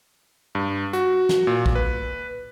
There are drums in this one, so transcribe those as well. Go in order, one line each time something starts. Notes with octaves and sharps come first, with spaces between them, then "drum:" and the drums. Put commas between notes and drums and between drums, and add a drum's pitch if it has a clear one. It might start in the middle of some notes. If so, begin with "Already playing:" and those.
G2
F#4, drum: hi-hat
drum: snare
A#2
drum: kick
B4